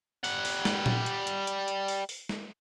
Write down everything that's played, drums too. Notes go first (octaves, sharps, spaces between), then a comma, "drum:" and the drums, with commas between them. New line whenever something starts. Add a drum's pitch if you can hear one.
G3 F#5, drum: open hi-hat
drum: open hi-hat
drum: snare
drum: tom A#2
drum: hi-hat
drum: hi-hat
drum: hi-hat
drum: hi-hat
drum: open hi-hat
drum: open hi-hat
drum: snare